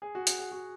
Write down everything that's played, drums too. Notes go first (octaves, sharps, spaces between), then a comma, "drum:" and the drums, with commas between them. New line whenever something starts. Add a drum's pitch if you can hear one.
G#4
F#4
F#4, drum: hi-hat
G#4
F#4